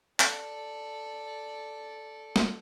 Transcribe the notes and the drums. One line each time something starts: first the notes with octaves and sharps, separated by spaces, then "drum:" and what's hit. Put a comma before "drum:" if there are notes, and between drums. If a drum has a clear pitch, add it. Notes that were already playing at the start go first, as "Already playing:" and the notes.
A4 D5, drum: clap
drum: snare